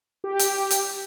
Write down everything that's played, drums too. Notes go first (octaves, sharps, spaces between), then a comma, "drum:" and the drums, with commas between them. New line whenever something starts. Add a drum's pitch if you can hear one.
G4
drum: hi-hat
drum: hi-hat